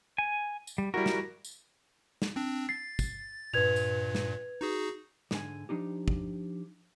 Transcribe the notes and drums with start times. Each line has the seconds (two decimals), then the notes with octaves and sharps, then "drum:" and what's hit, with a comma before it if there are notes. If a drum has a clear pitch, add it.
0.18 G#5
0.67 drum: tambourine
0.78 G3
0.94 G3 E4 F#4 A#4
1.06 drum: snare
1.45 drum: tambourine
2.22 drum: snare
2.36 C4 D4
2.69 A6 C7
2.99 drum: kick, tambourine
3.54 G2 A#2 B4 G#6 F7
3.76 drum: tambourine
4.15 drum: snare
4.61 D#4 F#4 G#4
5.31 G#2 D3 A4 G#5, drum: snare
5.69 F3 D4 D#4 G4
6.08 drum: kick